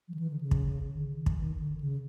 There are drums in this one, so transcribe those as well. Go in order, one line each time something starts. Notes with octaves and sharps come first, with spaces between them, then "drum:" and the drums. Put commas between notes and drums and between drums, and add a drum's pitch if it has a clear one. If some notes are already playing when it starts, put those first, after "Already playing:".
F3
D#3
E3
D3
C#3
drum: kick
D3
D#3
D#3, drum: kick
D#3
D3
C#3